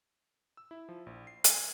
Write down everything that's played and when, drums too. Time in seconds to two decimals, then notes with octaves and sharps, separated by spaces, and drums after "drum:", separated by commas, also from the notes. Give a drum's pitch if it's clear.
0.57 E6
0.71 E4
0.89 F3
1.06 A#1
1.27 C7
1.44 G#5, drum: hi-hat
1.57 G#6